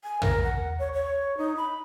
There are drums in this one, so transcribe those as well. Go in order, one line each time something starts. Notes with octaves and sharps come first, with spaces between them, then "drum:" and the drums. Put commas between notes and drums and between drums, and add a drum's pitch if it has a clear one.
G#5
A#4, drum: tom
F#5
C#5
C#5
D#4
B5